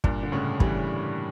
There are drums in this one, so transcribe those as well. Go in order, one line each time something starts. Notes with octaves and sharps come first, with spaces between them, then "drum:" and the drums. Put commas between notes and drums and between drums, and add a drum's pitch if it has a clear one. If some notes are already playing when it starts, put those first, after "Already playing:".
G2 A#2, drum: kick
D3
A2 C#3
E3 G3, drum: kick